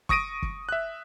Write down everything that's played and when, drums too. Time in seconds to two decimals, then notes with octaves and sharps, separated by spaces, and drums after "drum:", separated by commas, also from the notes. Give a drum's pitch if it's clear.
0.09 C#6 D#6 A#6 D7 D#7, drum: kick
0.42 drum: kick
0.69 E5 F#6